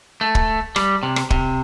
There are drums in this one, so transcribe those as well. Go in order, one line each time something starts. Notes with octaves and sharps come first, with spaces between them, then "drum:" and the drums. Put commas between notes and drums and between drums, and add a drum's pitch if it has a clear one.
A3
drum: kick
G3, drum: rim click
C3
drum: rim click
C3, drum: kick